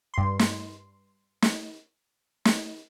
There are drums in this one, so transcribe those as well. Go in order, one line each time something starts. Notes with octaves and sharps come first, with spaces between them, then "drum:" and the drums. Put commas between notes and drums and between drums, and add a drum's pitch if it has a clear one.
G2 C6
drum: snare
drum: snare
drum: snare